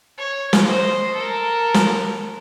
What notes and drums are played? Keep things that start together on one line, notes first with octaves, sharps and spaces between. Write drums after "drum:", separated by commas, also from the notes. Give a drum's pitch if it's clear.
C#5
drum: snare
C5 D#5
A4 A#4
drum: snare